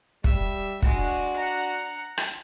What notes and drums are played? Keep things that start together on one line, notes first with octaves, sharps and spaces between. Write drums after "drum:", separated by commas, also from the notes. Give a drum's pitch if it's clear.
G3 E5, drum: kick
G#3 D4 F#4, drum: kick
F#5 A#5
drum: rim click